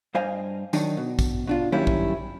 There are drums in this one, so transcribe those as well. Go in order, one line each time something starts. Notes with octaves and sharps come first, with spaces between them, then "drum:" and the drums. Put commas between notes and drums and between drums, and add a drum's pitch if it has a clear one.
G2 C5 D#5 F5 G#5
D#3 F#3 D4 D#4, drum: tambourine
B2
drum: kick, tambourine
B2 D4 F4
D#3 F#3 G3 A#3 C#4 E4
drum: kick